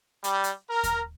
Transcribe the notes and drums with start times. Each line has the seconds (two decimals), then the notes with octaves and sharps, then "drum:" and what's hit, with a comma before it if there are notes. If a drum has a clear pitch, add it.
0.24 G3, drum: hi-hat
0.44 drum: hi-hat
0.70 A#4
0.84 drum: kick D#2, hi-hat